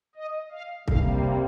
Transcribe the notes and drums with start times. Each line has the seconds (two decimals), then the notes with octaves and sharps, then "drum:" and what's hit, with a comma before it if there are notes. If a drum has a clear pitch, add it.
0.16 D#5
0.52 F5
0.88 C3 G3 A#3 F5, drum: kick